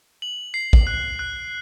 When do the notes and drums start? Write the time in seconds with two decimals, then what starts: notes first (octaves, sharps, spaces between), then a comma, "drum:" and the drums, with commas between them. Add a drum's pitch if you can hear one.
0.22 F#7
0.54 C7
0.73 drum: kick A1
0.87 F#6
1.19 F#6